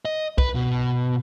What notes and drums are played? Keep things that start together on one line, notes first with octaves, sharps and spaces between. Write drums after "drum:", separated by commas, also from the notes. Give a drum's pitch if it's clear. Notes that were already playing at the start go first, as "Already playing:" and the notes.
D#5
B4, drum: kick
B2